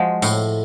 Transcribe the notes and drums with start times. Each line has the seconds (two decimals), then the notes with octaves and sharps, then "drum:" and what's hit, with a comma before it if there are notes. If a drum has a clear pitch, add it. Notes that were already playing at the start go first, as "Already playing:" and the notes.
Already playing: F3 G#3 F#4
0.22 A2, drum: tambourine